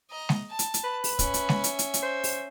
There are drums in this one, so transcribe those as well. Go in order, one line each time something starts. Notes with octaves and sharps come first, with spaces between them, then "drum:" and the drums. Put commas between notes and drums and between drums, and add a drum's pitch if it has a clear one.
D#5 A#5
drum: snare G#3
A5
drum: hi-hat
drum: hi-hat
B4
drum: open hi-hat
C#4 E5, drum: kick, hi-hat
drum: hi-hat
drum: snare G#3
drum: hi-hat
drum: hi-hat
drum: hi-hat
C5
drum: open hi-hat